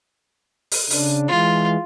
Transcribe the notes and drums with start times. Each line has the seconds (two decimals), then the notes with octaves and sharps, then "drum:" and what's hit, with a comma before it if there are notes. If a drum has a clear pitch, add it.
0.71 drum: open hi-hat
0.90 C#3 D4, drum: open hi-hat
1.28 E3 G#3 F4